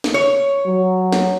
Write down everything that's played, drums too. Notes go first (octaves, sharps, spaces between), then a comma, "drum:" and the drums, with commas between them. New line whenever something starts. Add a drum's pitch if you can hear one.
drum: snare
C#5
F#3
drum: snare